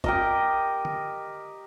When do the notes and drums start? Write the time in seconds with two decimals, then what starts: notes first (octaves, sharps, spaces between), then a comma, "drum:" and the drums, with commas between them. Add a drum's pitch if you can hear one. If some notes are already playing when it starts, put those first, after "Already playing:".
0.04 G4 A#4 D#5, drum: kick F#1
0.85 drum: tom D3